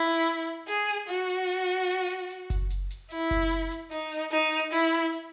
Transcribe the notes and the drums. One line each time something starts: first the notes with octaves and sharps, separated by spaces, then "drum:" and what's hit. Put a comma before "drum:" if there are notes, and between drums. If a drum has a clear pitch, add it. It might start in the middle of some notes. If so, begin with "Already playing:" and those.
Already playing: E4
G#4, drum: hi-hat
drum: hi-hat
F#4, drum: hi-hat
drum: hi-hat
drum: hi-hat
drum: hi-hat
drum: hi-hat
drum: hi-hat
drum: hi-hat
drum: kick F#1, hi-hat
drum: hi-hat
drum: hi-hat
E4, drum: hi-hat
drum: kick F#1, hi-hat
drum: hi-hat
drum: hi-hat
D#4, drum: hi-hat
drum: hi-hat
D#4
drum: hi-hat
E4, drum: hi-hat
drum: hi-hat
drum: hi-hat